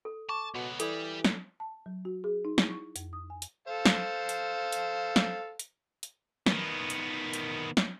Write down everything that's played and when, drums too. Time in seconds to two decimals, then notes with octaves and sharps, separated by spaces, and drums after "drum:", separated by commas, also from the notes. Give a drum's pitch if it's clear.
0.05 A4
0.29 A5 C#6 D6
0.54 C#2 B2 B3
0.80 E3 G3 G4 A4 D5, drum: hi-hat
1.25 drum: snare
1.60 A5
1.86 F#3
2.05 F#4
2.24 G#4
2.45 D#4
2.58 E4, drum: snare
2.70 C#6
2.96 F2, drum: hi-hat
3.13 D#6
3.30 G#5
3.42 drum: hi-hat
3.68 A4 C5 F5
3.85 drum: snare
4.29 drum: hi-hat
4.72 drum: hi-hat
5.16 drum: snare
5.59 drum: hi-hat
6.03 drum: hi-hat
6.46 D#3 B3, drum: snare
6.90 drum: hi-hat
7.33 drum: hi-hat
7.77 drum: snare